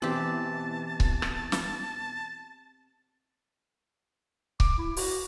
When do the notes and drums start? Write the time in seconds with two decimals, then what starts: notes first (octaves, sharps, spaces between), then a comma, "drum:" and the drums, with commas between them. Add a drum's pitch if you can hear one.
0.02 B2 E3 C4 G4 A5
1.00 drum: kick C#1
1.22 drum: rim click
1.52 drum: snare
4.60 D6, drum: kick C#1
4.78 E4
4.97 F#4, drum: open hi-hat